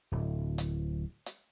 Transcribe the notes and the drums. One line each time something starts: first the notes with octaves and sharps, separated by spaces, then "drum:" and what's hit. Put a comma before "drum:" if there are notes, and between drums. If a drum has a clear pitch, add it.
D1
drum: hi-hat
drum: hi-hat